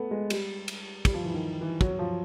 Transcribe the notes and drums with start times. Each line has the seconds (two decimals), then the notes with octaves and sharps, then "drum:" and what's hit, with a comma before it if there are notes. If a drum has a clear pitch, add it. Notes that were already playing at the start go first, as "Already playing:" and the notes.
Already playing: A3 B3
0.11 G#3
0.30 G3, drum: cymbal
0.68 drum: cymbal
1.05 G3, drum: kick, cymbal
1.14 F3
1.24 E3
1.34 D#3
1.61 E3
1.81 F#3, drum: kick
1.99 F3